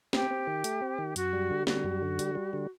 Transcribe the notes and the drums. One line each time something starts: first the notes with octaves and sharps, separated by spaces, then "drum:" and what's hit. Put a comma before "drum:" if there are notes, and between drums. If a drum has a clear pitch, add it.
C4 G4, drum: snare
C4
D#3
A3, drum: hi-hat
C4
D#3
F#2 F#4, drum: hi-hat
G3
D3
G3 F#4, drum: snare
F#2
D3
G3, drum: hi-hat
G3
D3